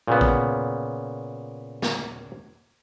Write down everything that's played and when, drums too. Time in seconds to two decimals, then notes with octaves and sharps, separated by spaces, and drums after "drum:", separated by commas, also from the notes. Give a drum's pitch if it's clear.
0.07 A#2 C#3 B3
0.21 drum: kick
1.82 drum: snare